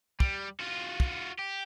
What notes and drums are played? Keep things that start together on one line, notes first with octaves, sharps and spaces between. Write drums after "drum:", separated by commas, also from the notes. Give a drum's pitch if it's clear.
G3, drum: kick
F4 F#4
drum: kick
G4